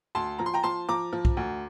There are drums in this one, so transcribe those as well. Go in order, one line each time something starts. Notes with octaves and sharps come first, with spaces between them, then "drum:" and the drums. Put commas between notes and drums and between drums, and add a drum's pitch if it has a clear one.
D2 A5 C6
F3 A#5
C6
G5 A#5
F3 A5 C6
F3 A#5 D6
F3
drum: kick B1
D2